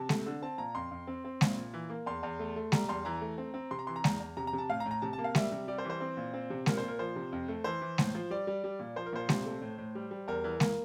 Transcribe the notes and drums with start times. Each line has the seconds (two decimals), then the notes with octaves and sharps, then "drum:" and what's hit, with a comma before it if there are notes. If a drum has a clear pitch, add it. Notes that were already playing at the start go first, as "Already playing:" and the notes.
Already playing: C3 A5
0.09 A3, drum: snare G#3
0.26 D3
0.42 C4 A5
0.58 A#2 A#5
0.75 F2 C6
0.91 F2
1.07 C4
1.25 C4
1.41 A#2, drum: snare G#3
1.57 A#2
1.74 E3
1.90 A#3
2.06 E2 C6
2.23 E2
2.39 A3
2.56 A3
2.72 G3 A#5, drum: snare G#3
2.88 E2 C6
3.05 E3 A#5
3.21 A3
3.38 C4
3.54 C4
3.71 C3 C6
3.79 A#5
3.87 E3 C6
3.96 A#5
4.04 E2, drum: snare G#3
4.20 E2
4.37 C3 A#5
4.47 A#5
4.53 C3
4.58 A5
4.69 A2 F5
4.80 A#5
4.86 A2
4.91 A#5
5.02 C3 A5
5.13 A5
5.19 A#3
5.24 F5
5.35 G3 E5, drum: snare G#3
5.52 C3
5.68 G3 D5
5.78 C5
5.85 E3
5.90 C5
6.01 C4
6.17 A#2
6.34 C4
6.50 C3
6.66 A#2 A#4, drum: snare G#3
6.77 C5
6.83 A#2
6.88 A#4
6.99 F3 C5
7.16 C3
7.32 F2
7.48 A3
7.64 E3 C5
7.81 E3
7.98 A2, drum: snare G#3
8.15 F3
8.30 G3 D5
8.47 G3
8.64 G3
8.79 A#2
8.96 F3 C5
9.06 A#4
9.13 A#2 C5
9.29 C3, drum: snare G#3
9.45 A3
9.62 A2
9.78 A2
9.95 G3
10.11 G3
10.28 E2 A#4
10.44 E3
10.60 A#3, drum: snare G#3